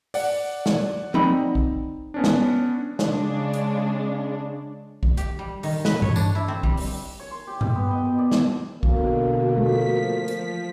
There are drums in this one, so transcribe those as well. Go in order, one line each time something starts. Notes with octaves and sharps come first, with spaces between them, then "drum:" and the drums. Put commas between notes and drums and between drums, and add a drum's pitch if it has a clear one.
D5 F#5, drum: open hi-hat
drum: snare
C4 D#4 B5, drum: tom F3
drum: kick B1
B3 C#4 D4
drum: snare
C#3 G#3 D4, drum: snare
drum: hi-hat
drum: kick B1
G4, drum: hi-hat
G3
D#3, drum: open hi-hat
B4, drum: snare
C#5, drum: tom G2
D4, drum: tambourine
E4
C4
G3, drum: kick B1
drum: open hi-hat
C#5
C6
G4
G4, drum: tom G2
B3
D#5
B2
D5
E4, drum: snare
B2 D3 A#3 F#4, drum: kick B1
F3 A3 B6
drum: hi-hat